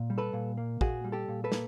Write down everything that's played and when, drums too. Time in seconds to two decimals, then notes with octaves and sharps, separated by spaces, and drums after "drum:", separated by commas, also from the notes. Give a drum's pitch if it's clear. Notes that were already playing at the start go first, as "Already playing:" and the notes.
Already playing: A#2
0.10 G3
0.18 A4 B4
0.33 A#2
0.57 A#3
0.81 A#2 F#4 G#4, drum: kick
1.04 G3
1.12 G4 A4
1.28 A#2
1.44 A4 B4
1.52 A#3, drum: snare